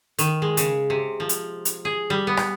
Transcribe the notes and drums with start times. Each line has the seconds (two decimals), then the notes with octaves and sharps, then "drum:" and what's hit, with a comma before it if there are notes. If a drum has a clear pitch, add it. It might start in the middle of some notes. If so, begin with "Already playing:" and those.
0.19 D#3, drum: hi-hat
0.42 G#3
0.57 C#3, drum: hi-hat
0.90 C3
1.20 F3
1.29 drum: hi-hat
1.65 drum: hi-hat
1.85 G#4
2.10 G3
2.27 B3
2.37 drum: rim click